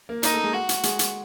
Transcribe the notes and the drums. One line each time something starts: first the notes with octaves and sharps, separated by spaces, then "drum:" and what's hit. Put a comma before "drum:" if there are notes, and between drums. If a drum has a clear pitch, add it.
A#3 A#4
A#3 D#4 A#4, drum: hi-hat
A3 A4
G#3 G#4
F#4
drum: hi-hat
G#3 G#4, drum: hi-hat
drum: hi-hat